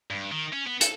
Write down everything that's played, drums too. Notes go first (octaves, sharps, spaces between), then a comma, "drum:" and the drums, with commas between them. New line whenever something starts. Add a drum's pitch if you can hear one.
G2
D#3
C#4
B3
A4, drum: hi-hat